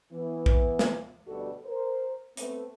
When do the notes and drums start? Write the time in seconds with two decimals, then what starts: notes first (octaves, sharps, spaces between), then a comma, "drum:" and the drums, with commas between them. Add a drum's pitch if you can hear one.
0.12 E3 B3
0.46 drum: kick
0.79 drum: snare
1.27 D2 B2 G3 D4 F#4 A4
1.65 A#4 C5
2.37 A3 B3 C4, drum: hi-hat